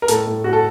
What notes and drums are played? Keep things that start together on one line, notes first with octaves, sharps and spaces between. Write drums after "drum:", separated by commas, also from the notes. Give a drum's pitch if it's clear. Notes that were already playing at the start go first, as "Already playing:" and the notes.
A#4
A2 A4, drum: hi-hat
A2
A2 F#4
A4